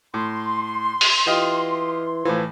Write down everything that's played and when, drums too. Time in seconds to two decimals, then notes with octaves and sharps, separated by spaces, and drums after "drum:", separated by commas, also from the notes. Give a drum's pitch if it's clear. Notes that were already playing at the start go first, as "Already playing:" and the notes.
0.14 A2 C6
1.01 drum: open hi-hat
1.27 E3 F4 G4 D#5
2.25 A2 E3 F3